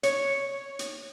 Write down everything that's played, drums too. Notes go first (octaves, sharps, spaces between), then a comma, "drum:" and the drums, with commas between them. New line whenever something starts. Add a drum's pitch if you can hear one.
C#5, drum: hi-hat
drum: hi-hat